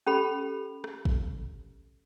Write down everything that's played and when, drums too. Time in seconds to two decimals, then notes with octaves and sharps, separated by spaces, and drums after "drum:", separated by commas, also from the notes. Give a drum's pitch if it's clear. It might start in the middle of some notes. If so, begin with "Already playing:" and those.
0.07 C#4 G4 A4 B5
0.84 drum: rim click
1.05 drum: kick